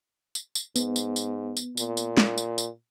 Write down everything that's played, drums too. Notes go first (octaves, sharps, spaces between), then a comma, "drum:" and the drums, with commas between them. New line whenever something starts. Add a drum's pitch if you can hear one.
drum: tambourine
drum: tambourine
G#2 B3, drum: tambourine
drum: tambourine
drum: tambourine
drum: tambourine
A#2, drum: tambourine
drum: tambourine
drum: snare
drum: tambourine
drum: tambourine